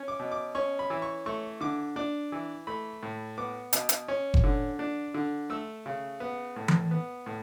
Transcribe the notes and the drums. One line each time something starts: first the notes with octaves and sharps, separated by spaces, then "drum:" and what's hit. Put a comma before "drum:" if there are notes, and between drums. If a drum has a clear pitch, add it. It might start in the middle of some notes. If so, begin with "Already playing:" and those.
Already playing: C#4
D6
B2
D6
C#4 C#6
B5
E3
C#6
A3 C#6
D3 D6
D4 D6
E3
A3 B5
A2
B3 D6
B2, drum: hi-hat
drum: hi-hat
C#4
drum: kick F#1
D3
D4
D3
A3 E6
C#3
B3
A2
drum: tom E3
B3
A2